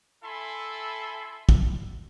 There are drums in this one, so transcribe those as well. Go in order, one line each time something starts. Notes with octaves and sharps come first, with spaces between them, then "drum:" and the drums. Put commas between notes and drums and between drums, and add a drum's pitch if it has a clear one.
E4 A4 E5 G#5 B5 C6
drum: kick